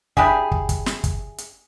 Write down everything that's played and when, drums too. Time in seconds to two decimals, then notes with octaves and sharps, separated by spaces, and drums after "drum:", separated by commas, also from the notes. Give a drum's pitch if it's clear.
0.17 D4 E4 G4 G#4, drum: kick
0.51 drum: kick
0.69 drum: kick, hi-hat
0.86 drum: snare
1.04 drum: kick, hi-hat
1.38 drum: hi-hat